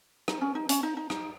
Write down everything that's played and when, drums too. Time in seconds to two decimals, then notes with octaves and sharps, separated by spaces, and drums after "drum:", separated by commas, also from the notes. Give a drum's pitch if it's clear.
0.28 D#4, drum: rim click
0.41 C#4
0.55 D#4
0.69 C#4, drum: hi-hat
0.83 D#4
0.97 D#4
1.10 D#4, drum: rim click